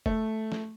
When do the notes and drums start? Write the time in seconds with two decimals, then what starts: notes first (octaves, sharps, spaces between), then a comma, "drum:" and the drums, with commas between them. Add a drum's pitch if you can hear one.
0.06 A3, drum: kick
0.52 drum: snare